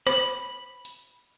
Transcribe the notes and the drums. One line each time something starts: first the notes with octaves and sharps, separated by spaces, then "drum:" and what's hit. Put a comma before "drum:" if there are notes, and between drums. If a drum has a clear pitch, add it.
B5, drum: rim click
drum: hi-hat